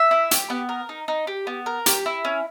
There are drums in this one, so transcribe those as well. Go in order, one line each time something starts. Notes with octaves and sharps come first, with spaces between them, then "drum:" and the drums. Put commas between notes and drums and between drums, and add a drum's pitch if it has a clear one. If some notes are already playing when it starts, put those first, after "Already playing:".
Already playing: E5
E4
G4, drum: hi-hat
B3
A#4
D#4
D#4
G4
B3
A#4
G4, drum: hi-hat
E4
C#4